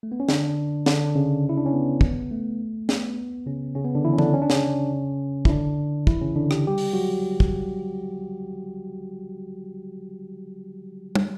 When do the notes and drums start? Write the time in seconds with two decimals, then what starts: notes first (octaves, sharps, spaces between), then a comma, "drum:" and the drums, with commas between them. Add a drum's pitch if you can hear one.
0.03 A3
0.12 B3
0.20 C#4
0.29 D3 D4, drum: snare
0.86 D3 D4, drum: snare
1.15 C#3 C#4
1.49 E4
1.57 D4
1.66 C#4
1.73 B3
2.01 drum: kick
2.31 A3
2.89 B3, drum: snare
3.47 C#3 C#4
3.75 C#3 C#4
3.85 B3
3.95 D3 D4
4.05 E3 E4
4.13 C#4
4.18 D3 D4, drum: tom
4.33 C#4
4.42 D4
4.50 C#3 C#4, drum: snare
5.45 E4, drum: kick
5.48 D3 D4
6.07 E3 E4, drum: kick
6.21 C#3 C#4
6.36 D3 D4
6.51 G4, drum: rim click
6.67 G3 G4
6.78 drum: open hi-hat
6.93 F#3 F#4
7.40 drum: kick
11.15 drum: tom